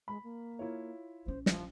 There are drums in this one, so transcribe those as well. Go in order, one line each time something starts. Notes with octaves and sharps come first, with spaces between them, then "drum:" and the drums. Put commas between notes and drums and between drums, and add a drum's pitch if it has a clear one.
G#3 B5
A#3
E4 F4 C#5
A#1 C#4 C5
F3, drum: snare